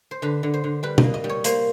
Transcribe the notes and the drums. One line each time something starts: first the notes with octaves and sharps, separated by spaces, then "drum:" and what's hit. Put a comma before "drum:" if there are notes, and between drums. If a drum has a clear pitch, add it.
C5
D3 B4
D3
C5
D3
G3 B4
D#5, drum: tom B2
A#3
D#5
G3
C#5
A#3 C5, drum: hi-hat